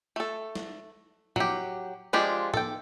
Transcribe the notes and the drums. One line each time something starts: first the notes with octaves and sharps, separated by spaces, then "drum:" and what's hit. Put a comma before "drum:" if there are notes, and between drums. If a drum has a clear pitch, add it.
A3 A4
drum: snare
F#3 G4, drum: tom
F3 G#3 D4 F4 G4
A4 G5, drum: tom